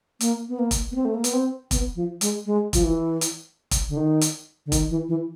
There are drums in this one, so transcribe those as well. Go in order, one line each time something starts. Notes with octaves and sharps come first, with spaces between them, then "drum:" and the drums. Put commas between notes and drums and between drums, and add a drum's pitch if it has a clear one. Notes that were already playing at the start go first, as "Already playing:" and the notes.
A#3, drum: hi-hat
B3
A#3
drum: kick, hi-hat
B3
C4
A3
A#3
B3, drum: hi-hat
C4
B3, drum: kick, hi-hat
F3
G#3, drum: hi-hat
G#3
F3, drum: kick, hi-hat
E3
drum: hi-hat
drum: kick, hi-hat
D3
D#3
drum: hi-hat
D3
D#3, drum: kick, hi-hat
E3
E3